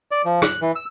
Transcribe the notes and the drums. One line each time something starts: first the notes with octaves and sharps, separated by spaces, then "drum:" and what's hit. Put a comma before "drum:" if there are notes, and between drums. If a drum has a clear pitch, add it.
D5
F3
F#6, drum: rim click
E3
E6